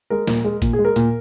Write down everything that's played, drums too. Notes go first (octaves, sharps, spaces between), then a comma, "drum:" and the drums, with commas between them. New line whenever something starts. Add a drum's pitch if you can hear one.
G#3 A#4
A#2, drum: snare
G#3
A#2, drum: kick A1, hi-hat
G#4
G#3
A#4
A#2, drum: hi-hat